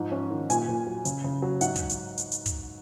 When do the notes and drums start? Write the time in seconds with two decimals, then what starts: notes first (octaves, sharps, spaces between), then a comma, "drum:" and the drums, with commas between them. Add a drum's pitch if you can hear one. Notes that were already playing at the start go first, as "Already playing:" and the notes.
Already playing: G#2 F3
0.12 C#4
0.30 D#3
0.50 A#2 G#5, drum: hi-hat
0.69 A#2
0.87 F#3
1.05 C#3, drum: hi-hat
1.24 C#3
1.42 F#3
1.61 G#2 F#5, drum: hi-hat
1.76 drum: kick, hi-hat
1.90 drum: hi-hat
2.18 drum: hi-hat
2.32 drum: hi-hat
2.46 drum: kick, hi-hat